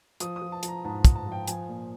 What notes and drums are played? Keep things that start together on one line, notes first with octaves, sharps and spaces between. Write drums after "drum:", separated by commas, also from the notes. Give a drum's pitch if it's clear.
F3 D#6, drum: hi-hat
D#6
F3
A5
F3, drum: hi-hat
A#5
G#2 A5
G#2, drum: kick, hi-hat
A5
F3
G5
F3 G#5, drum: hi-hat
A#2